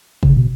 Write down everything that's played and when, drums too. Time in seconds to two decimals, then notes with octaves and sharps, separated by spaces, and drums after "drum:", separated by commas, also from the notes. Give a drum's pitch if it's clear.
0.23 C#3, drum: kick
0.37 B2